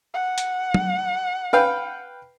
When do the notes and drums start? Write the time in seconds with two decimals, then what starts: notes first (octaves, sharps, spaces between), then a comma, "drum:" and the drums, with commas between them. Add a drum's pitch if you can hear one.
0.14 F#5
0.38 drum: hi-hat
0.74 drum: tom F#3
1.53 B4 F5 G5